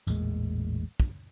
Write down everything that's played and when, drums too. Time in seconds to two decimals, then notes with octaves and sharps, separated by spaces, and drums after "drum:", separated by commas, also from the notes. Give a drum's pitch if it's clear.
0.07 A1 E2 A#2 G#3, drum: tambourine
1.00 drum: kick